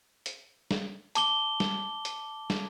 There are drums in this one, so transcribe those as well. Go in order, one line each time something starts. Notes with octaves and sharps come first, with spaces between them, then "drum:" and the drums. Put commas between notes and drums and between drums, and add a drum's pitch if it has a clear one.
drum: hi-hat
drum: snare
A5 D6 G7, drum: hi-hat
drum: snare
drum: hi-hat
drum: snare